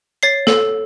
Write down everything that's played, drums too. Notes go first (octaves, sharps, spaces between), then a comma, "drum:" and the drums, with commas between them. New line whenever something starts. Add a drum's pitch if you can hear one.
C#5 A6 C7
A4, drum: snare